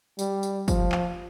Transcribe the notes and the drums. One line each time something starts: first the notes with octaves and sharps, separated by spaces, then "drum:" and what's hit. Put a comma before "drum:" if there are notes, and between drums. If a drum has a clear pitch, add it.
G3, drum: tambourine
drum: tambourine
F3, drum: kick, tambourine
drum: clap